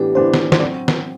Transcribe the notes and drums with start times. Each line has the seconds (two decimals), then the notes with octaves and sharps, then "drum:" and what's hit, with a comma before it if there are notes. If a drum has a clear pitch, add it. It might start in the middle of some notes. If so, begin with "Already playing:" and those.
Already playing: A2 E3 B3 D4 G4
0.15 A2 E3 B3 D4 C5
0.34 drum: snare
0.52 C5, drum: snare
0.60 F#3 C4 F#4 D5
0.88 drum: snare